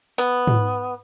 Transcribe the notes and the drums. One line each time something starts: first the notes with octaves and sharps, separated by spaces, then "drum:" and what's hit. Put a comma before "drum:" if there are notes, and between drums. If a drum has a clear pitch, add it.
B3, drum: hi-hat
drum: tom G#2